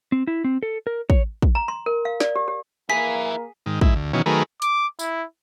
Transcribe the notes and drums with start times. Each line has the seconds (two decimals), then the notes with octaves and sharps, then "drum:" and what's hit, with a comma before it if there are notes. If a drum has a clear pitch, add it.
0.12 C4
0.27 E4
0.44 C4
0.63 A4
0.87 A#4
1.10 C#5, drum: kick
1.42 drum: kick
1.55 A#5
1.68 C6
1.86 A#4
2.05 F5
2.20 D5, drum: snare
2.36 G4
2.48 G4
2.90 A#3 E4 G#4 G#5 B6
3.66 G#2 D#3
3.81 G#2 E4, drum: kick
3.96 D2
4.13 B2 D#3 E3 F#3 C#4
4.26 D#3 F#3 A3 G#4 A#4 B4
4.62 D6, drum: hi-hat
4.99 E4, drum: tambourine